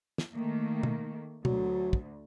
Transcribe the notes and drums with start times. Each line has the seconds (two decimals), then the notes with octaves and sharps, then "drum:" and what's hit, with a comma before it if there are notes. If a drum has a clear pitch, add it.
0.18 drum: snare
0.33 D#3 A3 A#3
0.83 drum: tom
1.45 D2 F#3, drum: tom
1.93 drum: kick